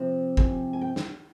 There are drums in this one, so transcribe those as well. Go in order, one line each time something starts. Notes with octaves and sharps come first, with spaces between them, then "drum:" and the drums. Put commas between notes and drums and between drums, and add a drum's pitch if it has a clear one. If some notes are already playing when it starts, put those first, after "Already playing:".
Already playing: C3 F3 C4
G#5, drum: kick
G#5
G5
drum: snare